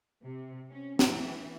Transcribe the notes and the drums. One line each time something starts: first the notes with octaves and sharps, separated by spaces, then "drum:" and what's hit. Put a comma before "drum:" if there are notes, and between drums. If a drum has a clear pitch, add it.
C3
C#4
E3, drum: snare